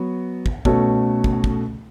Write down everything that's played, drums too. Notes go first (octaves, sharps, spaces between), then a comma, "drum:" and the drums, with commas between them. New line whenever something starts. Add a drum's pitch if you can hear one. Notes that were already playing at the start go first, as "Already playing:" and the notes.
Already playing: F#3 B3 F#4
drum: kick
B2 A3 C#4 F#4 A4, drum: kick
drum: kick
drum: kick